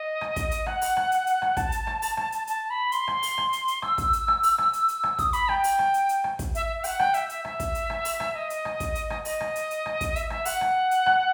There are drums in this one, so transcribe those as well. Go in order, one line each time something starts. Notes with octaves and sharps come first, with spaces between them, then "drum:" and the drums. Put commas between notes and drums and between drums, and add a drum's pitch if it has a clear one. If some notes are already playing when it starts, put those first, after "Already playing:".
Already playing: D#5
drum: rim click
drum: kick, hi-hat
drum: hi-hat
F#5, drum: rim click
drum: open hi-hat
drum: rim click
drum: hi-hat
drum: hi-hat
drum: rim click
A5, drum: kick, hi-hat
drum: hi-hat
drum: rim click
drum: open hi-hat
drum: rim click
drum: hi-hat
A5, drum: hi-hat
B5
C6, drum: hi-hat
drum: rim click
drum: open hi-hat
drum: rim click
drum: hi-hat
drum: hi-hat
E6, drum: rim click
drum: kick, hi-hat
drum: hi-hat
drum: rim click
drum: open hi-hat
drum: rim click
drum: hi-hat
drum: hi-hat
drum: rim click
D#6, drum: kick, hi-hat
B5, drum: hi-hat
G5, drum: rim click
drum: open hi-hat
drum: rim click
drum: hi-hat
drum: hi-hat
drum: rim click
drum: kick, hi-hat
E5, drum: hi-hat
E5
E5
G5, drum: open hi-hat
F#5
G5, drum: rim click
E5, drum: hi-hat
E5, drum: hi-hat
E5, drum: rim click
drum: kick, hi-hat
drum: hi-hat
drum: rim click
drum: open hi-hat
drum: rim click
D#5
drum: hi-hat
drum: rim click
drum: kick, hi-hat
drum: hi-hat
drum: rim click
D#5, drum: open hi-hat
drum: rim click
drum: hi-hat
drum: hi-hat
drum: rim click
drum: kick, hi-hat
E5, drum: hi-hat
E5, drum: rim click
F#5, drum: open hi-hat
drum: rim click
drum: hi-hat
drum: rim click